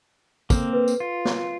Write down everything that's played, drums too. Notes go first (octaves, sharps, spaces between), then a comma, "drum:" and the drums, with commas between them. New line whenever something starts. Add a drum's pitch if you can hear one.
A#3 C4 A4, drum: kick, tambourine
B4
drum: tambourine
F4
drum: snare